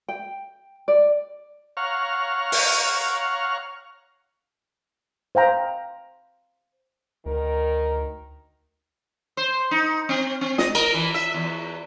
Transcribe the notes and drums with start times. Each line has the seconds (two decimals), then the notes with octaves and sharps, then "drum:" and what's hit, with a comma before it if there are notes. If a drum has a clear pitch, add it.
0.08 G5
0.88 D5
1.77 C#5 F5 F#5 A#5 C#6 F6
2.52 drum: open hi-hat
5.35 C5 F5 G5 A#5 B5
7.26 D2 D#3 A#4
9.37 C5
9.71 D#4
10.09 C4
10.41 C4
10.58 D#5, drum: snare
10.75 A#4, drum: cymbal
10.94 E3
11.14 E5
11.34 E2